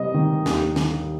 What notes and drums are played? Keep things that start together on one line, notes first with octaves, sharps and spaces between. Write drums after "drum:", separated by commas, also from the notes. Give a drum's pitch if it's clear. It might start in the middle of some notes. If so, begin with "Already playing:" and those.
Already playing: C3 G3 D#5
D#3
D#2, drum: snare
D#3, drum: snare